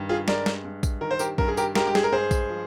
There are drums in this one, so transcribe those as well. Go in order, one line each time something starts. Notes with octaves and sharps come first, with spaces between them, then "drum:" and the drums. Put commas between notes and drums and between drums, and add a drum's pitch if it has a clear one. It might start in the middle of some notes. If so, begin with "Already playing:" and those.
Already playing: G2 D#3
F4 G#4
G#3 A#4 D5, drum: snare
drum: snare
G2
drum: kick A#1, tambourine
D#3 A#4
C5
G4 A#4, drum: tambourine
G2 A#4, drum: kick A#1
G#4
G4 A#4, drum: tambourine
G#3 G4 A#4, drum: snare
G4
G#4, drum: snare
A#4
G2 G#4 C5
drum: kick A#1, tambourine
F3